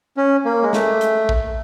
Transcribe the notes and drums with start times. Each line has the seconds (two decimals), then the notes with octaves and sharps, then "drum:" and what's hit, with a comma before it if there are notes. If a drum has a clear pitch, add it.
0.17 C#4
0.45 A#3
0.63 G#3
0.73 A3, drum: snare
1.01 drum: hi-hat
1.29 drum: kick A#1